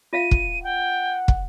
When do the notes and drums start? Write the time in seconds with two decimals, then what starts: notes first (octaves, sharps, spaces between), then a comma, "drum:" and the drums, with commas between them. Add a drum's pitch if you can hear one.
0.13 F4 E5 F5 D#7
0.31 drum: kick
0.64 F#5 G5
1.28 drum: kick